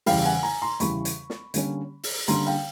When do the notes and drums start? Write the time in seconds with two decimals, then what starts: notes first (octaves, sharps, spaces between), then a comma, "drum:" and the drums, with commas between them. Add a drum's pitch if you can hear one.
0.06 E2 C#3 E3 G3 F5 G5, drum: open hi-hat
0.25 F#5 G#5
0.43 G#5 A#5
0.62 A#5 C6
0.80 E2 C#3 E3 G3 B5 C#6, drum: hi-hat
1.05 drum: hi-hat
1.30 drum: snare
1.54 D3 G3 A#3 C#4, drum: hi-hat
2.03 drum: open hi-hat
2.28 D3 G3 A#3 C#4 A#5 C6, drum: hi-hat
2.46 F5 G5